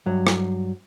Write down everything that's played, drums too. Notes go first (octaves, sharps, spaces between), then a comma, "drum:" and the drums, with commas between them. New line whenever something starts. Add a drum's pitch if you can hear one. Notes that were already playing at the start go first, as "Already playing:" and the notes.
G2 F#3
drum: rim click